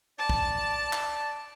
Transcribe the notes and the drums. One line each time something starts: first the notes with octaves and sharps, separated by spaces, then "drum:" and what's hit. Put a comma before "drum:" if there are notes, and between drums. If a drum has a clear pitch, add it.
D5 A5
drum: kick
drum: clap